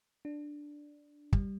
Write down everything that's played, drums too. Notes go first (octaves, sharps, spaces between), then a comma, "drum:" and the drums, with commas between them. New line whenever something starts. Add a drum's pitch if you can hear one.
D4
G3, drum: kick